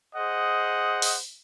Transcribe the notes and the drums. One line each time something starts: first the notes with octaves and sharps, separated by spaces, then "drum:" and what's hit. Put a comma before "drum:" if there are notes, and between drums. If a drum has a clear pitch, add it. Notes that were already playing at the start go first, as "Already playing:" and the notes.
G#4 C5 D#5 F#5
drum: open hi-hat